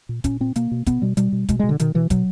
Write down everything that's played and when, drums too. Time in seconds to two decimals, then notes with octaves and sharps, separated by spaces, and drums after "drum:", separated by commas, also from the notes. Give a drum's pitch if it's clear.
0.09 A#2
0.24 A#2 C#4, drum: kick, hi-hat
0.40 A#2 C4
0.56 B2 A#3, drum: hi-hat
0.71 B2
0.86 B2 B3, drum: kick, hi-hat
1.02 B2 G3
1.17 B2 G3, drum: hi-hat
1.32 B2
1.49 B2 G#3, drum: kick, hi-hat
1.59 B2 G#3
1.69 D3
1.79 B2 D#3, drum: hi-hat
1.94 B2 E3
2.10 B2 F#3, drum: kick, hi-hat